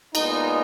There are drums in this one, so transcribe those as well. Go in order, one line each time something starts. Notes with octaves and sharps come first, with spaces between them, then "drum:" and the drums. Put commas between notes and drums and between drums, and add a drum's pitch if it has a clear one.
A#2 G#3 B3 D#4, drum: cymbal